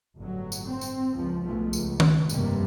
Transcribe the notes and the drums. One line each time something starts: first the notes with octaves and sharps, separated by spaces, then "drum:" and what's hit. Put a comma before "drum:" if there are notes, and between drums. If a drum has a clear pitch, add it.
G1 A2 F#3
drum: tambourine
C4
drum: tambourine
C#2 F3
B1 G#2 F3 G#3 A3
C#2, drum: tambourine
drum: tom D#3
F1 B1 G2 C3 G3 A#3, drum: tambourine